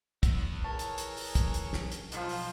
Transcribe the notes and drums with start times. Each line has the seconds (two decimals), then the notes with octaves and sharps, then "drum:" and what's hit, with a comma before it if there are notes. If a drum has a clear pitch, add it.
0.23 E3 B3, drum: kick, hi-hat
0.64 E3 G#4 A#4 C#5 A5
0.79 drum: hi-hat
0.98 drum: hi-hat
1.17 drum: open hi-hat
1.35 drum: kick, hi-hat
1.54 drum: hi-hat
1.73 drum: snare
1.92 drum: hi-hat
2.12 B1 F3, drum: hi-hat
2.29 drum: open hi-hat